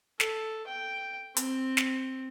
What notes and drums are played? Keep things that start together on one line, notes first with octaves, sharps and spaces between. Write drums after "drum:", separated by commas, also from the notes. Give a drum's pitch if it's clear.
A4, drum: snare
G5
C4, drum: hi-hat
drum: snare